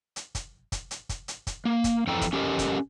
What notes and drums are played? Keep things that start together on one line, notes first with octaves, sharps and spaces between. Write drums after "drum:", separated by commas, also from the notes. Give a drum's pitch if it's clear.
drum: hi-hat
drum: kick, hi-hat
drum: kick, hi-hat
drum: hi-hat
drum: kick, hi-hat
drum: hi-hat
drum: kick, hi-hat
A#3
drum: kick, hi-hat
F2 E3 A4 G5 A#5
drum: kick, hi-hat
C#4 G4 A4 A#4 D#5
drum: kick, hi-hat